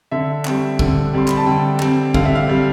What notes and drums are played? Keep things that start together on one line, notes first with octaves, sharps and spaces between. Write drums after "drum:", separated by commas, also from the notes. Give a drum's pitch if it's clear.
D3 E5
G3 C4, drum: clap
D3, drum: kick
G3 C4 C6
B5, drum: clap
A5
D3 G5
G3 C4, drum: clap
D3 F5, drum: kick
E5
F5
G3 C4